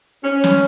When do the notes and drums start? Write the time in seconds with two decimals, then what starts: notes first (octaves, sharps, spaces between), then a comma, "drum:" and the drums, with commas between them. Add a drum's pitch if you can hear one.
0.23 C#4
0.44 drum: snare